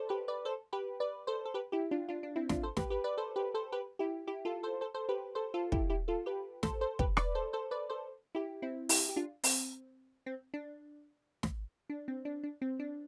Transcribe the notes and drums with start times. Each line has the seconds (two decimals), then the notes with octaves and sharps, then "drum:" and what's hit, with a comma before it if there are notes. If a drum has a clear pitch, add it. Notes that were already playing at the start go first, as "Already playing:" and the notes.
Already playing: A4 C5 D5
0.09 G4 B4
0.28 B4 D5
0.45 A4 C5
0.73 G4 B4
1.00 B4 D5
1.27 A4 C5
1.45 A4
1.54 G4 B4
1.72 E4 G4
1.91 D4 F4
2.09 D4 F4
2.23 D4
2.36 C4 E4
2.49 D4 F4, drum: snare
2.63 A4 C5
2.77 G4 B4, drum: snare
2.90 G4 B4
3.04 B4 D5
3.18 A4 C5
3.36 G4 B4
3.54 A4 C5
3.72 G4 B4
3.99 E4 G4
4.27 E4 G4
4.45 F4 A4
4.63 A4 C5
4.81 A4 C5
4.94 A4 C5
5.09 G4 B4
5.35 A4 C5
5.54 F4 A4
5.72 E4 G4, drum: kick
5.90 E4 G4
6.08 F4 A4
6.26 G4 B4
6.63 A4 C5, drum: snare
6.81 A4 C5
6.99 G4 B4, drum: kick
7.17 B4 D5, drum: rim click
7.35 A4 C5
7.53 A4 C5
7.71 B4 D5
7.90 A4 C5
8.35 E4 G4
8.62 C4 E4
8.89 E4 G4, drum: open hi-hat
9.09 G4
9.16 D4 F4
9.44 C4, drum: open hi-hat
10.26 C4
10.54 D4
11.43 drum: snare
11.90 D4
12.08 C4
12.25 D4
12.44 D4
12.62 C4
12.79 D4